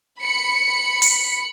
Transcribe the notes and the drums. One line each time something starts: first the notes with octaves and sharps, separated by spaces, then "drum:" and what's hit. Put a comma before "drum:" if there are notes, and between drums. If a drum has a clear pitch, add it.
B5 C#7
drum: open hi-hat